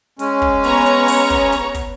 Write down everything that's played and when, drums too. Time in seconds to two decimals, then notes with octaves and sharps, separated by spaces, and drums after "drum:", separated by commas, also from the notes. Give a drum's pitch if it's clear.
0.19 G#3 C#4, drum: hi-hat
0.42 drum: kick
0.64 B3 C#5 A#5, drum: hi-hat
0.86 drum: hi-hat
1.08 drum: open hi-hat
1.30 drum: kick, hi-hat
1.52 drum: hi-hat
1.74 drum: kick, hi-hat